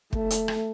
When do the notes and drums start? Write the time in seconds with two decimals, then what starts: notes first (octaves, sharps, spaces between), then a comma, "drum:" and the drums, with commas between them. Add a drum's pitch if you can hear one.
0.13 A3, drum: kick
0.30 drum: hi-hat
0.48 drum: rim click